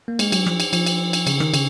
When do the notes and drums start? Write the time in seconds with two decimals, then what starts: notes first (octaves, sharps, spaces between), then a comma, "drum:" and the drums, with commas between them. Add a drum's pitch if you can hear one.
0.08 A#3
0.19 G#3, drum: cymbal
0.32 F#3, drum: cymbal
0.46 F3, drum: rim click
0.60 drum: cymbal
0.73 F3, drum: cymbal
0.86 drum: cymbal
1.13 drum: cymbal
1.27 C#3, drum: cymbal
1.40 D#3, drum: rim click
1.54 C#3, drum: cymbal